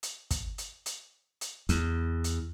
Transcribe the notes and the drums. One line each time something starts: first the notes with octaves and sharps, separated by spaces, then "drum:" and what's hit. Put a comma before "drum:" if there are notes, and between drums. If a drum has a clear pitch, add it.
drum: hi-hat
drum: kick, hi-hat
drum: hi-hat
drum: hi-hat
drum: hi-hat
E2, drum: hi-hat
drum: hi-hat